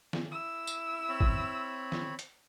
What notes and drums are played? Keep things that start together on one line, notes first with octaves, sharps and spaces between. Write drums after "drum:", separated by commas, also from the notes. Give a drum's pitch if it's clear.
drum: snare
E4 E6
drum: tambourine
C4 C#5 B5
drum: kick
drum: snare
drum: hi-hat